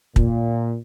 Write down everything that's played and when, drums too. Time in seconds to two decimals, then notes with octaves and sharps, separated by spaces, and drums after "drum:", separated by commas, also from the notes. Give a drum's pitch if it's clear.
0.16 A#2, drum: kick